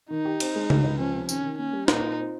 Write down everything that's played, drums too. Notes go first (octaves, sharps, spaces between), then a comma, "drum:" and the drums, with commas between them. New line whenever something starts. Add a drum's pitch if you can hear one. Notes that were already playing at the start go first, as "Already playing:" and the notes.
D#3 D#4
G4
C4, drum: cymbal
G#3
C#2, drum: tom C#3
C#2
F3 C#4
C3
D#3 C#4, drum: tambourine
D#3
A#3 C#4
G3
A#2 D#4, drum: snare
F4
C4